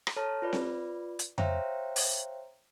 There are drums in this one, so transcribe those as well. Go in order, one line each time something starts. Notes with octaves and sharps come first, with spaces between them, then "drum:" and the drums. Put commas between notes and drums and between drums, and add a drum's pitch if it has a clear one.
drum: rim click
A4 C#5 A5 A#5 F6
F4 B4 D5
drum: snare C4
drum: hi-hat
C5 C#5 E5 F5 G5 A#5, drum: tom F2
drum: open hi-hat